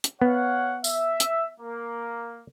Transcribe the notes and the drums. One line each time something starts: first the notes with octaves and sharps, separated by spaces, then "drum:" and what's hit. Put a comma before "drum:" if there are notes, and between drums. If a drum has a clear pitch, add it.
drum: hi-hat
B3 C#5 F5 F#5
E5, drum: tambourine
drum: hi-hat
A#3